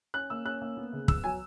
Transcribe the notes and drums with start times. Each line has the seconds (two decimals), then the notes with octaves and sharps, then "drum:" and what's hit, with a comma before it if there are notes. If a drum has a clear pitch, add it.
0.14 C#4 F#6
0.30 A#3 E6
0.45 C#4 F#6
0.62 A#3
0.77 B3
0.93 C#3
1.08 B3 E6, drum: kick
1.24 F#3 G#5